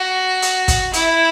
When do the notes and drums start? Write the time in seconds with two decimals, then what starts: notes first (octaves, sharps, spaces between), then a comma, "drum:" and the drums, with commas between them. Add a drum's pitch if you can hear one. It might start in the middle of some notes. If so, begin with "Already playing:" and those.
Already playing: F#4
0.42 drum: hi-hat
0.68 drum: kick, hi-hat
0.94 E4, drum: hi-hat